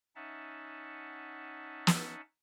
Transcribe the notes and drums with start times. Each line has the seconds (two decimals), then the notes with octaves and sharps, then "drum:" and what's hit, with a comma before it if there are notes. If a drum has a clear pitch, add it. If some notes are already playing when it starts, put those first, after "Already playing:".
0.16 C#4 D#4 E5 F#5 A5
1.87 drum: snare